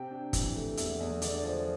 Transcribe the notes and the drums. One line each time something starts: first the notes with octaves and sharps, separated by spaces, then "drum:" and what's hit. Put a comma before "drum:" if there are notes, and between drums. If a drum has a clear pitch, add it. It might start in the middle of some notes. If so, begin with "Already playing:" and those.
Already playing: C3 G5
D4
E3, drum: kick, hi-hat
A3
E2 E5, drum: hi-hat
E2
D3 D5, drum: hi-hat
F3